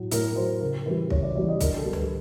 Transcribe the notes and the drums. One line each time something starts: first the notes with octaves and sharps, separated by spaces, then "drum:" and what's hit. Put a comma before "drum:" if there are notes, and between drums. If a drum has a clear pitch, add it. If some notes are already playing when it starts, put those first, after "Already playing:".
Already playing: A2 F#3
A2 A#4, drum: hi-hat
F#3 C5
C#3 A#4
E3 G3 B4
C#3 C#5, drum: kick
D5
E3 G3 D5
D#5
D3 A#4, drum: kick, hi-hat
A4
G3
B4, drum: tom C#2